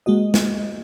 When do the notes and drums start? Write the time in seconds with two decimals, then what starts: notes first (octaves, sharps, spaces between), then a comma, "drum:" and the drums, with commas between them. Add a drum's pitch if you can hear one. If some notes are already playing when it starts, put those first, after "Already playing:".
0.06 G#3 A#3 F#4 D#5
0.34 drum: snare